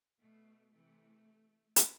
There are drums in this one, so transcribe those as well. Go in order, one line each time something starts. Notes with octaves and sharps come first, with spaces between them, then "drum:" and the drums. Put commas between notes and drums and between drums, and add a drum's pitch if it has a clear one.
B2 A3
C3 E3 A3
drum: hi-hat